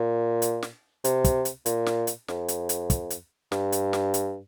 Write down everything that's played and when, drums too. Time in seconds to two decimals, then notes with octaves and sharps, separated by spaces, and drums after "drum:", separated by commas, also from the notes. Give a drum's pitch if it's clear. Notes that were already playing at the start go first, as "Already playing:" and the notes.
Already playing: A#2
0.42 drum: hi-hat
0.63 drum: snare
1.04 C3, drum: hi-hat
1.24 drum: kick, hi-hat
1.45 drum: hi-hat
1.66 A#2, drum: hi-hat
1.86 drum: snare
2.07 drum: hi-hat
2.28 F2, drum: snare
2.48 drum: hi-hat
2.69 drum: hi-hat
2.90 drum: kick, hi-hat
3.10 drum: hi-hat
3.52 G2, drum: snare
3.72 drum: hi-hat
3.93 drum: snare
4.14 drum: hi-hat